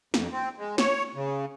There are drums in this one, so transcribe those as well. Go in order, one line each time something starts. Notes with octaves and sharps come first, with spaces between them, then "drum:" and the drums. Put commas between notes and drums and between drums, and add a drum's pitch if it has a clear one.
F2, drum: snare
C4
G#3
C#5, drum: snare
C#3